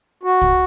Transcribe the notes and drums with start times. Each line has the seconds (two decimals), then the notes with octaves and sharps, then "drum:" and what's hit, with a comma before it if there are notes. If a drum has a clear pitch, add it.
0.23 F#4
0.42 drum: kick